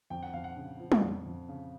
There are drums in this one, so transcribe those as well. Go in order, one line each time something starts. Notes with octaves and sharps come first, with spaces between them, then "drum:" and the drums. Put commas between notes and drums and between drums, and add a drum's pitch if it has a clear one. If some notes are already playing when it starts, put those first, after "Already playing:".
F2 G5
F#5
F2 F5
F#5
C#3
F3
drum: tom
F2
F2
C#3